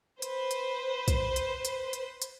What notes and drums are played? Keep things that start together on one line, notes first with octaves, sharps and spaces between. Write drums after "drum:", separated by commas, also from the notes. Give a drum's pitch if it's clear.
B4 C5, drum: hi-hat
drum: hi-hat
drum: kick, hi-hat
drum: hi-hat
drum: hi-hat
drum: hi-hat
drum: hi-hat